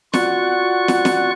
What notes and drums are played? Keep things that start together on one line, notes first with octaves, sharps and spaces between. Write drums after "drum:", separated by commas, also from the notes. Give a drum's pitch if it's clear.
F4 F#4 D5 F#5 C#6 F#6, drum: snare
drum: snare
drum: snare